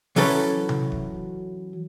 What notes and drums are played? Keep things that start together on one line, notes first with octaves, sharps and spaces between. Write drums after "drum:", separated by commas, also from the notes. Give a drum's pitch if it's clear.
E3 F#3 C#4 A4 B4 C#5, drum: open hi-hat
drum: tom C3
drum: kick D1